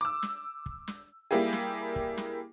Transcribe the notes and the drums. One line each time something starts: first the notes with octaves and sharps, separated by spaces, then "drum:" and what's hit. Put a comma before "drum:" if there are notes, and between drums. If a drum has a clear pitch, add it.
D6 E6
drum: snare
drum: kick
drum: snare
G3 A#3 E4 G4 G#4
drum: snare
drum: kick
drum: snare